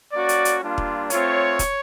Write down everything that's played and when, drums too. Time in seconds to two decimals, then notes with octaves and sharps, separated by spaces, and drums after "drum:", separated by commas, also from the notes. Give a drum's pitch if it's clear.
0.13 A#3 C#4 F#4 D5
0.29 drum: hi-hat
0.45 drum: hi-hat
0.62 G3 A#3 D4 F4
0.78 drum: kick E1
1.10 A3 C4 F4 C#5, drum: hi-hat
1.59 drum: kick E1, hi-hat